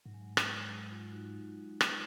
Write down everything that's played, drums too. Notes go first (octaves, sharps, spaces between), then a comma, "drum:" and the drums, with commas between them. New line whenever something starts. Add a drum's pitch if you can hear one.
G#2 F#3
G#3
F#3
G#3, drum: rim click
F#3
F4
D#4 F#4
drum: rim click